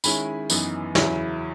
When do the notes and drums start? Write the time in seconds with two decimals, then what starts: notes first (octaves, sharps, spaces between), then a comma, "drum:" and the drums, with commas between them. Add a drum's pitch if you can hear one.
0.04 D#3 G#3 C#4 E4 G#5 B5, drum: tambourine
0.50 F#2 E3 B3 D#4, drum: tambourine
0.95 E2 C#3 F#3 C#4 E4, drum: snare